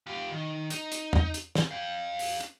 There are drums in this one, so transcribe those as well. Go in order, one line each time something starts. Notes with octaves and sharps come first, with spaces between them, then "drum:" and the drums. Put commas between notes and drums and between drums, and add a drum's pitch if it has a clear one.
F4 G4
D#3
D#4, drum: hi-hat
drum: hi-hat
drum: tom
drum: hi-hat
drum: snare
F5 G5
drum: open hi-hat
drum: hi-hat